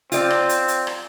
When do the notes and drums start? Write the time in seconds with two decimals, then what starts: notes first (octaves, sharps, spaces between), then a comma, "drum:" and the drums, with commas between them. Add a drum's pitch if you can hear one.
0.12 C4 F4 D5, drum: hi-hat
0.30 drum: rim click
0.49 drum: hi-hat
0.68 drum: hi-hat
0.87 drum: rim click